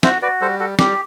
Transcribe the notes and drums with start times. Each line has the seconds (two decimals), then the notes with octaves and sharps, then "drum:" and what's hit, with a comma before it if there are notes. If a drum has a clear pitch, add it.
0.03 F#4 C5 E5, drum: snare
0.22 F#4 B4 D5
0.41 G3 A4 C5
0.60 F#4 A4
0.79 G3 G4, drum: snare